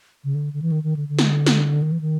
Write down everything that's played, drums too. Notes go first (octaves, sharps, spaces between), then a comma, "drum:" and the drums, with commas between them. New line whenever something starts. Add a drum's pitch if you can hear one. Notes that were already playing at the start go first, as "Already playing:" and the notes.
C#3
D3
D3
E3
D#3
D#3
D3
D3
drum: snare
drum: snare
D#3
E3
D#3